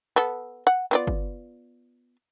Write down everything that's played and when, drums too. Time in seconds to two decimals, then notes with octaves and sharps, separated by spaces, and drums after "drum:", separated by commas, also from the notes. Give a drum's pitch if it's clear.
0.16 B3 A4
0.67 F#5
0.91 B3 F4 D5
1.07 drum: kick G1